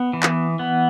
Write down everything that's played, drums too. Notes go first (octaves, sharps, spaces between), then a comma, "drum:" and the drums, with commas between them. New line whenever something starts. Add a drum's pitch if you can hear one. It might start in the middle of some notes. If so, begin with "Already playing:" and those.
Already playing: B3
E3
drum: clap
B3